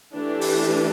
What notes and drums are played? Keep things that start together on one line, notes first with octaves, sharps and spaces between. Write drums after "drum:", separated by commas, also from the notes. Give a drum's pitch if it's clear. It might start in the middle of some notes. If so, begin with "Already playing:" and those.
E3 A3 D4 G4
drum: open hi-hat